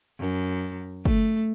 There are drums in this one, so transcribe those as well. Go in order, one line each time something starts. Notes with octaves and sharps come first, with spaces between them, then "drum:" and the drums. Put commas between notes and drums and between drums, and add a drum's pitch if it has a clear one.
F#2
A3, drum: kick G1